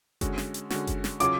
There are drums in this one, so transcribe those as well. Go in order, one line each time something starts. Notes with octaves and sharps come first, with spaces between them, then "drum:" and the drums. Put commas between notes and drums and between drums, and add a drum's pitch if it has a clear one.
D3 G#3 C#4 F#4, drum: kick F#1, hi-hat
drum: snare
drum: hi-hat
D3 G#3 C#4 F#4, drum: snare
drum: kick F#1, hi-hat
drum: snare
C#3 F#3 C#4 F4 D6, drum: hi-hat